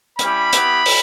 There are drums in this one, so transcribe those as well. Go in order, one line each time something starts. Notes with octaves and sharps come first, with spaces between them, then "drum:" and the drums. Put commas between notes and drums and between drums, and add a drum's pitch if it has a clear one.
G3 C#4 E4 G4 B5, drum: hi-hat
B3 E4 G4, drum: hi-hat
drum: open hi-hat